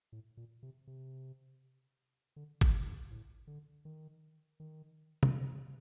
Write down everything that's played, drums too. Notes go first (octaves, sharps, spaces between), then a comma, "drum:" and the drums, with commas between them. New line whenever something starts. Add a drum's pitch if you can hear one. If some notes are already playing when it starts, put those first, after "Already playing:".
A2
A#2
C3
C3
D3
F#2, drum: kick
G2
A2
D3
D#3
D#3
D#3, drum: tom C3
D3